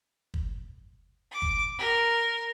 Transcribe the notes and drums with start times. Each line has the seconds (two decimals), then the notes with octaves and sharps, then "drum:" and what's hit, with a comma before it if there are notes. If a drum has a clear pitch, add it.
0.34 drum: kick
1.31 D6
1.42 drum: kick
1.78 A#4